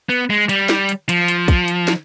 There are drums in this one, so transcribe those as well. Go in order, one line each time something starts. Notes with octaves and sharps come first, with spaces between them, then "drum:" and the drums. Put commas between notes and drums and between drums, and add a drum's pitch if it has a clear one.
B3
G#3
G3, drum: hi-hat
drum: snare
drum: hi-hat
F3, drum: hi-hat
drum: hi-hat
drum: kick, hi-hat
drum: hi-hat
drum: snare